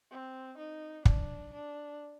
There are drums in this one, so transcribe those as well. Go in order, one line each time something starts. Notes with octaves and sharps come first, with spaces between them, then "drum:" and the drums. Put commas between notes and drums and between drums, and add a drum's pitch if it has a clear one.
C4
D#4
D4, drum: kick
D4